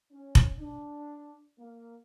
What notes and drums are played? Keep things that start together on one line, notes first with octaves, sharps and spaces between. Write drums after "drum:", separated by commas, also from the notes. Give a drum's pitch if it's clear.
C#4
drum: kick F1
D4
A#3